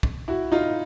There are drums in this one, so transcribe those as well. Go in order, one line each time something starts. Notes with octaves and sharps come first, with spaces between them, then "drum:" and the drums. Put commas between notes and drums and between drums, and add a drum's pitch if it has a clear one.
drum: kick
E4 F#4
D#4 F4